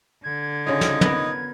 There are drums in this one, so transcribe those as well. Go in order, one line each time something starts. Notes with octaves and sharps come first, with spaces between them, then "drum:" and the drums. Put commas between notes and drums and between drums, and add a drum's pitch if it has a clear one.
D3 G#6
C#3 D#4 F4
drum: snare
B3 A#4, drum: tom